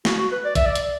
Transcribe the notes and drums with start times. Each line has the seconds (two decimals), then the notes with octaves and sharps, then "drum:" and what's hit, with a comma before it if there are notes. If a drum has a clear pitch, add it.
0.05 F#4, drum: snare
0.18 F#4
0.32 B4
0.45 D5
0.55 E5, drum: kick, hi-hat
0.66 D5
0.75 drum: hi-hat